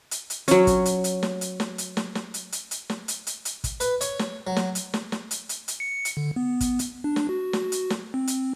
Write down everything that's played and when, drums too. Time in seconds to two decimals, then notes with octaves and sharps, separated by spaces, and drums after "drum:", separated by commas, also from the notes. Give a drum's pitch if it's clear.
0.11 drum: hi-hat
0.30 drum: hi-hat
0.48 F#3 C#4, drum: hi-hat
0.67 drum: kick, hi-hat
0.85 drum: hi-hat
1.04 drum: hi-hat
1.23 drum: snare
1.41 drum: hi-hat
1.60 drum: snare
1.78 drum: hi-hat
1.97 drum: snare
2.15 drum: snare
2.34 drum: hi-hat
2.52 drum: hi-hat
2.71 drum: hi-hat
2.90 drum: snare
3.08 drum: hi-hat
3.27 drum: hi-hat
3.45 drum: hi-hat
3.64 drum: kick, hi-hat
3.80 B4, drum: hi-hat
4.01 C#5, drum: hi-hat
4.19 drum: snare
4.47 F#3
4.56 drum: snare
4.75 drum: hi-hat
4.94 drum: snare
5.12 drum: snare
5.31 drum: hi-hat
5.49 drum: hi-hat
5.68 drum: hi-hat
5.80 C#7
6.05 drum: hi-hat
6.17 D3
6.36 B3
6.61 drum: kick, hi-hat
6.79 drum: hi-hat
7.04 D4
7.16 drum: snare
7.29 F#4
7.53 drum: snare
7.72 drum: hi-hat
7.90 drum: snare
8.14 C4
8.27 drum: hi-hat